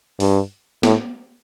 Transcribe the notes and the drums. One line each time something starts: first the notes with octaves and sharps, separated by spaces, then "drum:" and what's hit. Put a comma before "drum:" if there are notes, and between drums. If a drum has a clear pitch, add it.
G2, drum: open hi-hat
A2, drum: snare